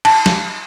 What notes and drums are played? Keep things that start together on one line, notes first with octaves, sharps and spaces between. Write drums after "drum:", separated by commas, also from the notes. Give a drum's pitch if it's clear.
A5, drum: cymbal
drum: snare